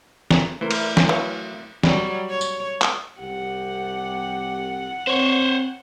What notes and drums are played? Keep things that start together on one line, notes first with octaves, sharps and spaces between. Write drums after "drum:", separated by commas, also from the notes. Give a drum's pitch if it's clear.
A5 A#5, drum: snare
E3 A3 E4 A#4 C5
drum: cymbal
drum: snare
E3 F#3 C#5 F5
F#3 G3, drum: snare
C#5
drum: tambourine
drum: clap
C2 G4 F#5
C4 C5 C#5